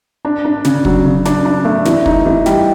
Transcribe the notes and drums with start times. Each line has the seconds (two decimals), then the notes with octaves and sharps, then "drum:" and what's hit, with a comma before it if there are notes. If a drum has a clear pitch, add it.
0.25 D4
0.45 D4
0.65 C#3, drum: snare
0.85 F#3, drum: kick
1.05 C#3
1.25 D4, drum: snare
1.45 D4
1.65 A3
1.85 E3, drum: snare
2.06 D#4, drum: kick
2.25 E3
2.46 G3, drum: snare